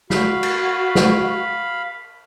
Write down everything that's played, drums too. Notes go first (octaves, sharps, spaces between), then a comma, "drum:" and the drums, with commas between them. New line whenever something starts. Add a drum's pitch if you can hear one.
F#4 F5 B5, drum: snare
drum: cymbal
drum: snare